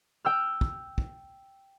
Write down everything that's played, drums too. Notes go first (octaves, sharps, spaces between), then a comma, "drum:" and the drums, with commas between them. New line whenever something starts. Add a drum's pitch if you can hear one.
G5 E6 F6
drum: kick
drum: kick